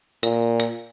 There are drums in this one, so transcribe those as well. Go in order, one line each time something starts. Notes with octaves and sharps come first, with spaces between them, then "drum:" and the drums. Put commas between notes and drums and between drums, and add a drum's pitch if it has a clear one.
A#2, drum: hi-hat
drum: hi-hat